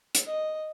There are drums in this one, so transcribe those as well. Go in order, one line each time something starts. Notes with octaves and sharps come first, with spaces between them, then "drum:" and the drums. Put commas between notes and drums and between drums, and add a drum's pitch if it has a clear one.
drum: hi-hat
D#5